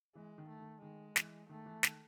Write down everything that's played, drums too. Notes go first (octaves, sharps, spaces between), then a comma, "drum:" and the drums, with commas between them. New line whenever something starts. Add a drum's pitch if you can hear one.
E3 G#3
D#3
A3
D#3
D#3 G#3
E3, drum: snare
D#3 A3
E3
D#3, drum: snare